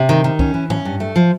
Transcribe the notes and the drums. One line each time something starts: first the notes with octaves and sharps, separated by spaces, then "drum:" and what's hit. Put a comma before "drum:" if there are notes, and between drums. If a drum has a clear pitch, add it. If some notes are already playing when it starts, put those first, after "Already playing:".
Already playing: C3
D#3
D#3
C#4, drum: kick
E3
C#4, drum: tom G#2
G2
A3
F3